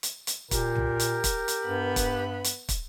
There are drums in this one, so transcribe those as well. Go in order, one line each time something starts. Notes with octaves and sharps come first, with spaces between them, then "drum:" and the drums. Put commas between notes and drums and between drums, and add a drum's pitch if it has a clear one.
drum: hi-hat
drum: hi-hat
A#2 G4 A#4, drum: kick, hi-hat
drum: tom
drum: hi-hat
drum: kick, hi-hat
drum: hi-hat
G2 B3 B5
drum: kick, hi-hat
drum: hi-hat
drum: kick, hi-hat